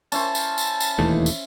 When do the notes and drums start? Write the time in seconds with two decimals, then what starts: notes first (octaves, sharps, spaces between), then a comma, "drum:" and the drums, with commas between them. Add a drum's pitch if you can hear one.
0.12 C#4 E4 C5 A5, drum: tambourine
0.35 drum: tambourine
0.58 drum: tambourine
0.80 drum: tambourine
0.98 E1 D#2 E3 A3
1.26 drum: tambourine